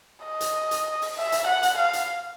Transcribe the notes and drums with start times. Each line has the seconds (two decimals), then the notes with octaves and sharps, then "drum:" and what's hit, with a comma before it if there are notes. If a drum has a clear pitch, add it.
0.25 D#5
0.41 drum: hi-hat
0.71 drum: hi-hat
1.02 drum: open hi-hat
1.17 E5
1.32 drum: hi-hat
1.47 F#5
1.63 drum: hi-hat
1.78 F5
1.93 drum: hi-hat